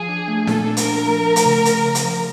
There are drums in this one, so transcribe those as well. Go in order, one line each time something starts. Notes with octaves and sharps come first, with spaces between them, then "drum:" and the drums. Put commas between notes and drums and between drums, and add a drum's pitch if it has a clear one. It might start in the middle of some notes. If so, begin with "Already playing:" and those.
Already playing: F3 G#4
D4
A3
A#2 A4, drum: snare
D4
A#4, drum: hi-hat
F3
A3
A3
drum: hi-hat
C#3
C#3, drum: hi-hat
C#3
drum: hi-hat
F3